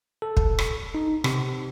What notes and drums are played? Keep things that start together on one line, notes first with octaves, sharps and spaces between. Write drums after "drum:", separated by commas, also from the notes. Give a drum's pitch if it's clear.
A4
drum: kick
drum: rim click
D#4
C3, drum: rim click